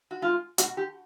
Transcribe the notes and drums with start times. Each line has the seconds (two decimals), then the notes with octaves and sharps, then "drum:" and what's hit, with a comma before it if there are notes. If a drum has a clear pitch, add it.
0.11 F#4
0.22 G#3 F4
0.58 B2 F#4, drum: hi-hat
0.77 G4